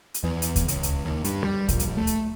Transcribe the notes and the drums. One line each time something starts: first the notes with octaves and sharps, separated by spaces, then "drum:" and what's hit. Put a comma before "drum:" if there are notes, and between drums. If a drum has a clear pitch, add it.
drum: hi-hat
E2
drum: hi-hat
drum: kick D2, hi-hat
C#2, drum: hi-hat
drum: hi-hat
D#2
G2, drum: hi-hat
G3
A#1, drum: kick D2, hi-hat
drum: hi-hat
A3
drum: hi-hat